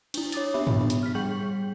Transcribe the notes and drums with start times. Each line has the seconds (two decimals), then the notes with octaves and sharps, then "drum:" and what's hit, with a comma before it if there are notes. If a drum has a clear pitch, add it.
0.14 D4 E4, drum: cymbal
0.32 C#5 D6 D#6 A6, drum: hi-hat
0.54 B3 D4 G4 E5 B5
0.67 drum: tom G2
0.90 drum: hi-hat
1.03 F6 B6
1.15 G3 G#4 G5 C#6 G6 F#7